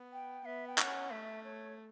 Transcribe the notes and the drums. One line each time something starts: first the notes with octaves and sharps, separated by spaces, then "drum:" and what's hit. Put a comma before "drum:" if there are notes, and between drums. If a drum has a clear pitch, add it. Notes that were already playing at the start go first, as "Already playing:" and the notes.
Already playing: B3
G5
B3 E5
G5
C#4 F#5, drum: clap
A3 E5
C#5